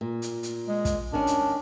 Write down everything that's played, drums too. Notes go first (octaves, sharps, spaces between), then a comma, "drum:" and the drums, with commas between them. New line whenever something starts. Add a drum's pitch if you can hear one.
A#2
drum: hi-hat
drum: hi-hat
G#3
drum: kick, hi-hat
D#3 C#4 D4
drum: hi-hat